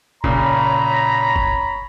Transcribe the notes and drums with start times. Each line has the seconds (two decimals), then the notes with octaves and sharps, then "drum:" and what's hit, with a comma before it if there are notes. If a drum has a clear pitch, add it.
0.24 A#2 C#3 C#5 A#5 B5, drum: kick F#1
1.36 drum: kick F#1